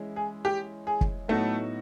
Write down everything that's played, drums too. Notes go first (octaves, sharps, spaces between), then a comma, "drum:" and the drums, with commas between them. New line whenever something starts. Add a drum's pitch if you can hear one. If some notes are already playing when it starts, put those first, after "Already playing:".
Already playing: E3 G#3 C#4 E4
G#4
G4
G#4
drum: kick
A2 F#3 A3 B3 D#4 F#4 A4